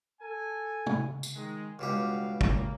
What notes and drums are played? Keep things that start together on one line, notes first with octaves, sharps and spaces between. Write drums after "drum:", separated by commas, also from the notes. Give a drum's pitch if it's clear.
A4 G#5
drum: tom
drum: tambourine
D#3 G#3
C#2 G2 B2 F#4 G4 F5
C#3 A#3, drum: kick